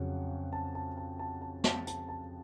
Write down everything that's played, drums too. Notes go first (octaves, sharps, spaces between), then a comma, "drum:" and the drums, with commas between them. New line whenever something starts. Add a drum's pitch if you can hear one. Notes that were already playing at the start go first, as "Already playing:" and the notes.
Already playing: F2 C#3 F#3 C#4 F#5
A5
A5
A5
A5
A5
A5, drum: snare
A5, drum: hi-hat
A5